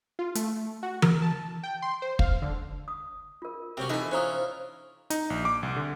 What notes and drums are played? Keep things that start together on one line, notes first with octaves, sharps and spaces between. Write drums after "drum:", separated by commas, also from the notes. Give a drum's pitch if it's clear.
F4
A3, drum: hi-hat
F#4
A#4, drum: tom E3
A5
G5
C6
C5
F5, drum: kick
D3
D#6
F4 A#4
C3 F#3 C4 C#4
E3 D#4 G#4 A4 B5
C#4 E4 F4 C5 A#5 D#6
D#4, drum: hi-hat
A#1
D6
C2
D3